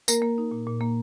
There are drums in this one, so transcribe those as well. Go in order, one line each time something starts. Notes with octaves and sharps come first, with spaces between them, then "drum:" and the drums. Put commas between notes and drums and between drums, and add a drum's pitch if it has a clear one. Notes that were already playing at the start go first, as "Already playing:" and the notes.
A#3 A#4, drum: tambourine
A#3
D#4
A#2
A#2
A#3